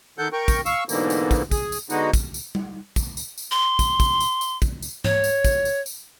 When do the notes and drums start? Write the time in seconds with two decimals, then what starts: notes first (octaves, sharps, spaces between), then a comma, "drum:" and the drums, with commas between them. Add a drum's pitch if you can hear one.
0.18 D#3 A4 F#5 G6
0.33 A#4 G5 C#6
0.48 drum: kick, tambourine
0.66 F5 C#6 E6, drum: tambourine
0.89 G#2 B2 D3 E3 A#3, drum: tambourine
1.10 drum: tambourine
1.31 drum: kick, tambourine
1.51 G#4, drum: kick, tambourine
1.72 drum: tambourine
1.90 D3 G#3 B3 D#4 F#4, drum: tambourine
2.13 drum: kick, tambourine
2.34 drum: tambourine
2.55 drum: tom G3
2.96 drum: kick, tambourine
3.17 drum: tambourine
3.38 drum: tambourine
3.51 C6
3.79 drum: kick, tambourine
4.00 drum: kick, tambourine
4.20 drum: tambourine
4.41 drum: tambourine
4.62 drum: kick, tambourine
4.82 drum: tambourine
5.04 C#5, drum: tom G#2
5.24 drum: tambourine
5.45 drum: kick, tambourine
5.65 drum: tambourine
5.86 drum: tambourine